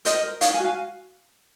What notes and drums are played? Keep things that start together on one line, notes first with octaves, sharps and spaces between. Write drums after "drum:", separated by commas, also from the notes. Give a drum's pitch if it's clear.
A#4 C5 D#5, drum: hi-hat
A#4
D#4 C#5 F5, drum: hi-hat
F5 G#5
F#4
F5 G#5